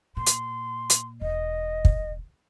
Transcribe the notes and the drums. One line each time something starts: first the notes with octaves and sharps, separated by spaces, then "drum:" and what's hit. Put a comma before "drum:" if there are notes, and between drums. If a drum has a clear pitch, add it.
A#2 C6
drum: hi-hat
drum: hi-hat
E1 D#5
drum: kick